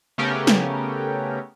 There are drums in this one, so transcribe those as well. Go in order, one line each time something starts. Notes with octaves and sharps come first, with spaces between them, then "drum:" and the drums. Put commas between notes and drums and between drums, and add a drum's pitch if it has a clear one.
C#3 A3 B3 C#4 G4 A#4
drum: snare